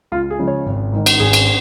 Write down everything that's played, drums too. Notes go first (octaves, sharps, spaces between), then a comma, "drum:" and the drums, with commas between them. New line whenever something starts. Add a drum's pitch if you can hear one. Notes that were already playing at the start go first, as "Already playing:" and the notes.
C#2 F4
G#4
C#3 F3 G#3
C#5
G#1
G#2 D#3
drum: cymbal
G#1 G#4
drum: cymbal